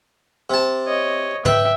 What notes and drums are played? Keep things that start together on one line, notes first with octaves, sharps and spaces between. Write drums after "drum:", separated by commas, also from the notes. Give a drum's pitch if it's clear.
C3 A5
C#5 D#5
B4 E5 G5, drum: tom